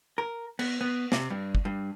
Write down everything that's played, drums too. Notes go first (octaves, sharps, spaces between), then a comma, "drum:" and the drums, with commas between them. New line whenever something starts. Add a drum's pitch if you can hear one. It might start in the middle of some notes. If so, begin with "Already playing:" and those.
A#4
B3, drum: cymbal
B3
C3, drum: snare
G2
drum: kick
G2